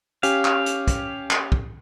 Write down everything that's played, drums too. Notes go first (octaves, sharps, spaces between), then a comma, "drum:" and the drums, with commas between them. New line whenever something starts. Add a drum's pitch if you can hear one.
C#4 G4 F5 G#5, drum: hi-hat
drum: clap
drum: hi-hat
drum: kick, hi-hat
drum: clap
drum: kick